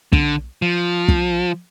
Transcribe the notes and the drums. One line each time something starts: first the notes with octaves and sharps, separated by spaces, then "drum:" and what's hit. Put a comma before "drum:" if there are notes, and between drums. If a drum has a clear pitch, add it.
D3, drum: kick
F3
drum: kick